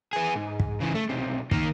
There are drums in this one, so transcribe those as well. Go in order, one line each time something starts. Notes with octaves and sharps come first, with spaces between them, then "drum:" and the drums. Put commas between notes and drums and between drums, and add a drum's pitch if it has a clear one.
B3 G#4
G#2
drum: kick
C#3 E3
A3
B1 C3
D#3 A#3, drum: kick